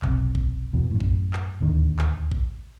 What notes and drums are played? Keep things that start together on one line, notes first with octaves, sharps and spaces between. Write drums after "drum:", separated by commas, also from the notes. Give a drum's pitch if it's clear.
F1 B1 C3, drum: clap
drum: kick A#1
E2 B2
F#2 A2
drum: kick A#1
drum: clap
D1 D#2 D3 D#3
drum: clap
drum: kick A#1